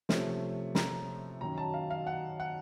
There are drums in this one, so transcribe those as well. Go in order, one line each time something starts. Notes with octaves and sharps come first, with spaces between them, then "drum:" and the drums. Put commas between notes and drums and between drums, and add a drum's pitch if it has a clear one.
C3 F3 A3 C#4, drum: snare
A#5, drum: snare
F#2 D#3 F#3 A#5
A5
F5
F5
F#5
F#5